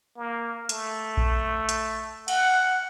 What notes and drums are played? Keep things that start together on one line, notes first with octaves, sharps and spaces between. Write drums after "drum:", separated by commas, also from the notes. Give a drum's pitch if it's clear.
A#3
A3, drum: hi-hat
drum: kick A#1
drum: hi-hat
F#5, drum: cymbal